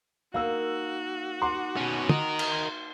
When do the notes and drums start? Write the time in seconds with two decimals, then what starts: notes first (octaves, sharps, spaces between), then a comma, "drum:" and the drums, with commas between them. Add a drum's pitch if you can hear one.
0.34 A#3 D#4 F#4 F5 E6
1.42 D#4 F#5 C6 D6
1.77 B2 C#4
2.09 A#4 D#5, drum: tom
2.39 drum: cymbal
2.52 C6 G#6